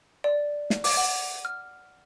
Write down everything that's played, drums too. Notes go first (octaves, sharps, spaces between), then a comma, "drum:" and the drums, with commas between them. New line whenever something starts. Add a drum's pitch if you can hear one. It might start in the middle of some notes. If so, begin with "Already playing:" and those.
D5
drum: snare
D6, drum: open hi-hat
F#5
F6